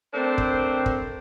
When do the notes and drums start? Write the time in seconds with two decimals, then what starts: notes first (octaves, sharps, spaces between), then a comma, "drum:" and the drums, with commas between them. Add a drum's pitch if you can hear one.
0.14 A3 C4 D4 A#4 C5
0.38 drum: kick
0.86 drum: kick